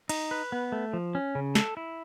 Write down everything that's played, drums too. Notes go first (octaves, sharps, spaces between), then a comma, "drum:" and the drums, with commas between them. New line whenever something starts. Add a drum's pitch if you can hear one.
D#4, drum: cymbal
B4
B3
A3
F3
C#4
C#3
A4, drum: snare
E4